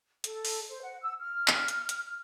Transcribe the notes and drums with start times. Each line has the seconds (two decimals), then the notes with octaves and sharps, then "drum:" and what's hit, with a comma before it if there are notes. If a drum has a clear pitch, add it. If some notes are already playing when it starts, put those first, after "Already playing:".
0.24 A4, drum: hi-hat
0.45 drum: open hi-hat
0.69 C5
0.82 F#5
1.02 E6
1.19 F6
1.48 drum: clap
1.68 drum: hi-hat
1.89 drum: hi-hat